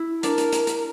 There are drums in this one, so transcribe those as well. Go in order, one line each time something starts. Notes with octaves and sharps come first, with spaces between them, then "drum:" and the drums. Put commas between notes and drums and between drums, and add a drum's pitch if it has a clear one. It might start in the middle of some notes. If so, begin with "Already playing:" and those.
Already playing: E4
D4 A#4, drum: hi-hat
drum: hi-hat
drum: hi-hat
drum: hi-hat